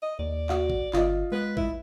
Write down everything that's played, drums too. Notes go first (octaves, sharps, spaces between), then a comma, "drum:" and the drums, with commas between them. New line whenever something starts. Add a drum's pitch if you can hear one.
D#5
D#2 D5
F#4, drum: clap
drum: kick A1
G1 F4 D#5, drum: clap
G#3 B4
E4, drum: kick A1